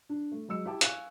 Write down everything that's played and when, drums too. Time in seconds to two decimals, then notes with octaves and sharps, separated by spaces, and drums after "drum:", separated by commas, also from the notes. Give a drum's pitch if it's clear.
0.09 D4
0.32 A3
0.48 F#3 G#3 D#5 E6 C#7
0.65 E4 G4 E5 G5 A5 D6
0.81 F5 G#5 C#6 F#6, drum: hi-hat